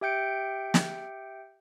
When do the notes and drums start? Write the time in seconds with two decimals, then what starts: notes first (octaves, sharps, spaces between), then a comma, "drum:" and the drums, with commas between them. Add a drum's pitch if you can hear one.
0.01 G4 E5 G5 G6 C#7 D7
0.74 drum: snare